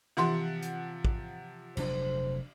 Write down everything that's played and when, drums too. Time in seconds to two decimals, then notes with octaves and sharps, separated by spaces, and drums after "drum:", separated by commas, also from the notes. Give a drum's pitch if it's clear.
0.17 C3 E3 F3 F#5 C6, drum: snare
0.62 drum: hi-hat
1.05 drum: kick
1.77 F1 F#3 D4 C5, drum: cymbal